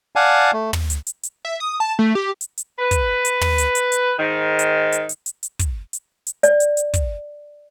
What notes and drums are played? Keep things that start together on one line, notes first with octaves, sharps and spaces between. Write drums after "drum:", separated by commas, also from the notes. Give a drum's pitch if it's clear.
D5 F5 F#5 G#5 A5
A3
drum: tom
drum: hi-hat
drum: hi-hat
drum: hi-hat
E5
D#6
A5
A3
G4
drum: hi-hat
drum: hi-hat
B4
drum: kick, hi-hat
drum: hi-hat
drum: tom
drum: hi-hat
drum: hi-hat
drum: hi-hat
G#2 D#3
drum: hi-hat
drum: hi-hat
drum: hi-hat
drum: hi-hat
drum: hi-hat
drum: kick, hi-hat
drum: hi-hat
drum: hi-hat
D5, drum: hi-hat
drum: hi-hat
drum: hi-hat
drum: kick, hi-hat